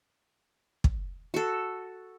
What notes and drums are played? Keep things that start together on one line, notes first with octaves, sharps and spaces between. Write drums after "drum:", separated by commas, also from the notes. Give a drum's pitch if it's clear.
drum: kick
F#4 A4